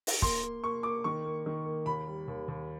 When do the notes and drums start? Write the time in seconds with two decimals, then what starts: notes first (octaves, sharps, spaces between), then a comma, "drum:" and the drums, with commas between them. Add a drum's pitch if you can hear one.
0.07 drum: open hi-hat
0.22 A#3 C6, drum: kick
0.43 A#3
0.63 A#3 C#6
0.83 A#3 D6
1.04 D#3 C#6
1.25 A#3
1.46 D#3
1.65 A#3
1.86 D#2 B5
2.06 G3
2.28 D#2
2.48 D#2